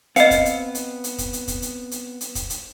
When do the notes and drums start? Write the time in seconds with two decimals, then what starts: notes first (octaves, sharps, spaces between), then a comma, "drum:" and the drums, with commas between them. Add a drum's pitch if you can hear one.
0.16 B3 C4 D#5 F5 C#7, drum: hi-hat
0.31 drum: kick, hi-hat
0.45 drum: hi-hat
0.75 drum: hi-hat
1.04 drum: hi-hat
1.18 drum: kick, hi-hat
1.33 drum: hi-hat
1.48 drum: kick, hi-hat
1.62 drum: hi-hat
1.91 drum: hi-hat
2.21 drum: hi-hat
2.35 drum: kick, hi-hat
2.50 drum: hi-hat